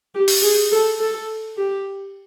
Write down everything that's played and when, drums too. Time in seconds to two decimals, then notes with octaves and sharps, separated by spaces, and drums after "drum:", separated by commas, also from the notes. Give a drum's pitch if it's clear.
0.14 G4
0.28 drum: open hi-hat
0.42 G#4
0.71 A4
1.00 A4
1.57 G4